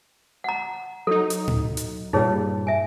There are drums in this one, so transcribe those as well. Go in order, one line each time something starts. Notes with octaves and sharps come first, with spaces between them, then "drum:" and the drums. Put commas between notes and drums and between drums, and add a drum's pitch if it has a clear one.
F#5 A#5
F#3 D#4 A4
drum: hi-hat
drum: tom A2
drum: hi-hat
G2 A#2 G3 D#4 G#4 C#5
E5 G#5